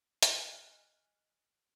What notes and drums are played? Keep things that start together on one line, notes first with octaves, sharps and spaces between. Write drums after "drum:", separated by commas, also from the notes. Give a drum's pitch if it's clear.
D#5 G#5 F6 F#6, drum: hi-hat